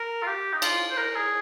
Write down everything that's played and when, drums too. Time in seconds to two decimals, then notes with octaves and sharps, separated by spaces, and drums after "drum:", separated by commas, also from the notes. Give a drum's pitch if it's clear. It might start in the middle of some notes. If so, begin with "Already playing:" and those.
Already playing: A#4
0.23 F4
0.27 G4
0.53 D#4
0.62 F4, drum: cymbal
0.90 C5
0.98 A#4
1.16 G#4